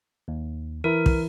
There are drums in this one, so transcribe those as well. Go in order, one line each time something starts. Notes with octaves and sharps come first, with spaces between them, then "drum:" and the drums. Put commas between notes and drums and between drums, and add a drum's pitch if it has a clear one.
D#2
E3 E4 A#4
drum: kick